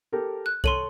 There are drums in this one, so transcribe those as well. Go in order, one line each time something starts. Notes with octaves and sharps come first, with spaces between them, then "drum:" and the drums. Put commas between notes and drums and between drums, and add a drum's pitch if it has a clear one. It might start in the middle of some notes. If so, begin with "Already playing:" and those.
G4 A4 A#4
F#6
A4 C#5 C6 D#7 F#7, drum: kick B1